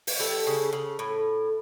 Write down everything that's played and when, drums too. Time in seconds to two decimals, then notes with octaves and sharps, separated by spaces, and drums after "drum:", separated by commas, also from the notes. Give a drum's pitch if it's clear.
0.07 drum: open hi-hat
0.20 G3 A4
0.47 C#3
0.73 C#3
0.99 A2